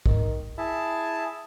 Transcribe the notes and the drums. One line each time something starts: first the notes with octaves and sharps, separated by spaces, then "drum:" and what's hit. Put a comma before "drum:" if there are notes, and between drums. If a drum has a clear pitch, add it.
D#3, drum: kick
E4 G#4 A5